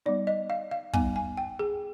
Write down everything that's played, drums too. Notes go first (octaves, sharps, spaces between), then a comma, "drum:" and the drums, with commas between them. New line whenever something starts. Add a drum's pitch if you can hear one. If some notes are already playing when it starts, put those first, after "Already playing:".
G3 B3 D#4 D5
D#5
F5
F5
G3 B3 D#4 G#5, drum: kick
G#5
G5
G#4